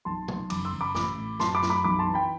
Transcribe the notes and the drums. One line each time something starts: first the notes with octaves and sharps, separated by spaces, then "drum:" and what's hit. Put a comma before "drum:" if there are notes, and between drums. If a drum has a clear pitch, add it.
B1 A5 C6
B1, drum: tom C3
F#1 B5 D6, drum: cymbal
C6 E6
F#1
B5 D6
A1 B5 D6, drum: snare
A2
F#2 A5 C6, drum: snare
B5 D6
F#2, drum: snare
B5 D6
B1 B5 D6
A5 C6
E3
G5 B5